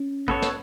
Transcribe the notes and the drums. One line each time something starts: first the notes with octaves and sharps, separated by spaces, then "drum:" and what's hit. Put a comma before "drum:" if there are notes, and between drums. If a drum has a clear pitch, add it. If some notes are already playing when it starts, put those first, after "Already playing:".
Already playing: C#4
B3 A4 C#5, drum: kick
drum: snare